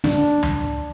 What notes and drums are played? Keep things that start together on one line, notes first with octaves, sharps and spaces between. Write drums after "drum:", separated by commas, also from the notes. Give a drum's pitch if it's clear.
D4, drum: snare
drum: tom